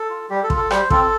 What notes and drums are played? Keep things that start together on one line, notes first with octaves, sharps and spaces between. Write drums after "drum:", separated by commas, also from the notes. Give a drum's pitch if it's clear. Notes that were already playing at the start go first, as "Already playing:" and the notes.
Already playing: A4
F4
G3 G4
A4
F4, drum: kick
A4
G3 C5, drum: rim click
C4 F4 A4, drum: kick